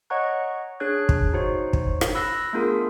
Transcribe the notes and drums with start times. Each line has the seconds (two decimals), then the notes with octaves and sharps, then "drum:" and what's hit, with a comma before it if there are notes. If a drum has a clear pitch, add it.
0.10 C#5 D#5 F#5 A#5 C#6 F#6
0.80 D4 G#4 C#5 F#6 G#6
1.09 drum: kick
1.33 D#4 F#4 C5 C#5
1.73 drum: kick
2.01 drum: rim click
2.15 B5 E6 F#6 A#6
2.53 A3 B3 D4 F4 G#4 A#4